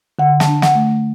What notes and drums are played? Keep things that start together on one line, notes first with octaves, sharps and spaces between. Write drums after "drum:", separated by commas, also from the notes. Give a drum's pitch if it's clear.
D3 F#5
A5, drum: snare
D4
F#5, drum: snare
A3